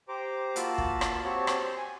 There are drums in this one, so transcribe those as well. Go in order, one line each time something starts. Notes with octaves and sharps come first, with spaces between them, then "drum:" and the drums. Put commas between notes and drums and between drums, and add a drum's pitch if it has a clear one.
G4 C5 A#5 D6
A#3 F4 F#4 A5 B5 E6, drum: hi-hat
drum: kick
drum: rim click
C4 F#4 G4 C#5 A5
drum: rim click
C5
G#5